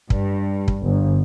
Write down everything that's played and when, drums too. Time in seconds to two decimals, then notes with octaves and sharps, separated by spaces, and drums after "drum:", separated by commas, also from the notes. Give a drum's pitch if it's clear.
0.10 G2, drum: kick
0.68 drum: kick
0.84 G1